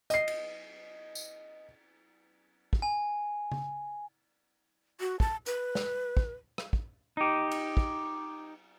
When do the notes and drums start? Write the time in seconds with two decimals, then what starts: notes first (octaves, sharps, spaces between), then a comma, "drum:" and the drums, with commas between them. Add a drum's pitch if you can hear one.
0.10 D#5 C7, drum: hi-hat
0.28 drum: cymbal
1.15 drum: tambourine
2.73 drum: kick
2.82 G#5
3.52 drum: tom
5.00 F#4
5.20 A5, drum: kick
5.46 B4, drum: hi-hat
5.75 drum: snare
6.17 drum: kick
6.58 drum: rim click
6.73 drum: kick
7.17 D#4 G4
7.51 drum: cymbal
7.77 drum: kick